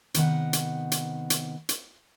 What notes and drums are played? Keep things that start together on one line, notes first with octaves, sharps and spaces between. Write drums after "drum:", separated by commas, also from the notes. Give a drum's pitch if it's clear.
C3 D#3 B3 F#5, drum: hi-hat
drum: hi-hat
drum: hi-hat
drum: hi-hat
drum: hi-hat